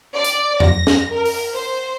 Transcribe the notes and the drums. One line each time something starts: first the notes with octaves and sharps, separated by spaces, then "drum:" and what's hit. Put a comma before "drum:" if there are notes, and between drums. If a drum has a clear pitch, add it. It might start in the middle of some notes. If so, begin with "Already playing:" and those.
D5
drum: hi-hat
A#6, drum: tom E2
drum: snare
A#4
drum: open hi-hat
C5